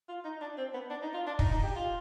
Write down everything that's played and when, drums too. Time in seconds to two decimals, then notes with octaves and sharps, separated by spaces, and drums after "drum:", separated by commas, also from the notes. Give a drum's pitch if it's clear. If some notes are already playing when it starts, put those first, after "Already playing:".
0.09 F4
0.24 D#4
0.41 D4
0.58 C4
0.74 B3
0.90 D4
1.02 D#4
1.14 F4
1.27 D4
1.39 D#4, drum: kick
1.51 D#4
1.63 G4
1.76 F4